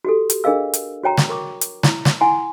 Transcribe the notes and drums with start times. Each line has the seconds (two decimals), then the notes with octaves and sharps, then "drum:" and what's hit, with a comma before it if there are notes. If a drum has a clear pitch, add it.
0.05 F#4 G4 A4
0.30 drum: hi-hat
0.44 D4 G#4 A#4 D#5 F5 E6
0.74 drum: hi-hat
1.04 F#4 C#5 G5 A#5
1.17 drum: snare
1.29 A#4 C#6 D6
1.61 drum: hi-hat
1.83 E4, drum: snare
2.05 drum: snare
2.21 E4 F#5 G#5 C6